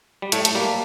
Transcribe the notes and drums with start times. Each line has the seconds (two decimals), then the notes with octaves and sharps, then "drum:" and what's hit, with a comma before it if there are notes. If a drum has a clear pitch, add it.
0.22 G3
0.32 A2 A3, drum: hi-hat
0.45 A3, drum: hi-hat
0.55 G3 A#3